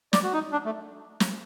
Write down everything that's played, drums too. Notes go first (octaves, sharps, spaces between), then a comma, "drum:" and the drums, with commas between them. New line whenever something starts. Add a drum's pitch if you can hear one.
D5, drum: snare
F#4
D#4
D4
A3
drum: snare